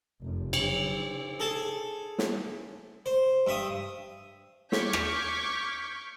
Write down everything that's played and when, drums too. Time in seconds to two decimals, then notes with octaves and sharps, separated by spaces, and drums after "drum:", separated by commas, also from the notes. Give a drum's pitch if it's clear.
0.21 F1 F#2
0.53 C#3 F#3, drum: cymbal
1.40 G#4 A4 A5
2.18 drum: snare
3.06 C5
3.47 G2 E5 D#6
4.72 C#6 D6 F6 G6 G#6 B6, drum: snare
4.93 drum: rim click